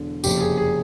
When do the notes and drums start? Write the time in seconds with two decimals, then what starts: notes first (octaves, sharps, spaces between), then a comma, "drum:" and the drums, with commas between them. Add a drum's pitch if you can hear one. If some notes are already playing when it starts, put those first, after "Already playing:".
Already playing: E1 D3
0.24 F#1 F2 C3 G4, drum: tambourine
0.41 G#4
0.58 G#4